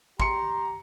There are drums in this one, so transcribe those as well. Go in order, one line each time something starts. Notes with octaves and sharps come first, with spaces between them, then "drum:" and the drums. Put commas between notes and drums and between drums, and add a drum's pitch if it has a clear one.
G4 A#5 C6 C#7, drum: kick